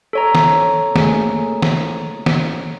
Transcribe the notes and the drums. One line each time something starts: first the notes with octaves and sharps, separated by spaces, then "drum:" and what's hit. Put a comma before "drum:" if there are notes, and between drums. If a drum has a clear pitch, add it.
A4 C#5 A#5
drum: snare
A3 A#3 G#4, drum: snare
drum: snare
drum: snare